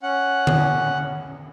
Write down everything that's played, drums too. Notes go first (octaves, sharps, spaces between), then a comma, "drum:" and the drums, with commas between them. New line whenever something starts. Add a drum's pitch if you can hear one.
C#4 F#5
drum: tom D3